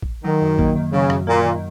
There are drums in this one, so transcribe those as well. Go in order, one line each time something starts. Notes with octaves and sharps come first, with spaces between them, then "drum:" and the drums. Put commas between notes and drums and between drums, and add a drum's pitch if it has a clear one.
drum: kick
D#3 F#3
F#2
A#3, drum: kick
D#3
C#3 F#3
F#2, drum: rim click
A#2 A#3
D#3